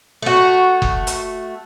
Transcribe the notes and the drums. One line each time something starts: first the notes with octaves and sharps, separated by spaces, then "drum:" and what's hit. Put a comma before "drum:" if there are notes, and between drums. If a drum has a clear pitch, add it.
A3 F#4
drum: kick F#1
drum: hi-hat